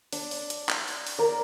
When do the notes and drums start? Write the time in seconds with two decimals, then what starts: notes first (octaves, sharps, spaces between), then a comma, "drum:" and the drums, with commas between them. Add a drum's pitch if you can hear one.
0.12 D4, drum: open hi-hat
0.31 drum: open hi-hat
0.50 drum: hi-hat
0.69 drum: clap
0.88 drum: open hi-hat
1.07 drum: open hi-hat
1.18 A#4 D5